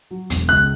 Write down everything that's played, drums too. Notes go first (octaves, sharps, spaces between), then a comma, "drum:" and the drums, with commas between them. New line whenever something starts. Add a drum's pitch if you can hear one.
F#3
E1, drum: hi-hat
C#2 F#6